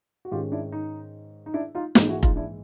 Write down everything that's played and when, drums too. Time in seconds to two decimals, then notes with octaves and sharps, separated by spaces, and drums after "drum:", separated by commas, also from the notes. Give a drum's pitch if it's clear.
0.25 F#4
0.31 G#2 D#3 G#3 C#4 F4 G4
0.52 D4 E4
0.72 D#4
1.46 D#4
1.54 D4 E4
1.75 D#4 F4
1.95 A#1 G#2 E3 G#3 D#4 F4, drum: snare
2.09 E4 F#4
2.23 D#4 F4, drum: kick F1
2.36 D4 E4